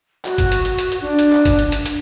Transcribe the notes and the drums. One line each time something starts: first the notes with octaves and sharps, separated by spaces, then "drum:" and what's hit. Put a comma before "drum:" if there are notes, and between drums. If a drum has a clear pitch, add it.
F#4, drum: clap
drum: kick G1, hi-hat
drum: hi-hat
drum: hi-hat
drum: hi-hat
drum: hi-hat
D4
drum: hi-hat
drum: clap
drum: kick G1, hi-hat
drum: hi-hat
drum: hi-hat
drum: hi-hat